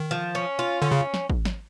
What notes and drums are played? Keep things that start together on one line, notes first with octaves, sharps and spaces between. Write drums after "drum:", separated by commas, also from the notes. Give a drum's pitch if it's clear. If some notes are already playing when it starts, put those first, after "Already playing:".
Already playing: D#3
F3
C#4
F4
D3 C#4
C#3
drum: snare
drum: kick
drum: snare